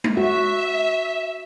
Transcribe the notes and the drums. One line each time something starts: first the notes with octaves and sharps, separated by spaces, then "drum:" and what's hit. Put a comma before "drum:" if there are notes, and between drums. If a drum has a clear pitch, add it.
drum: tom G#3
F#4 E5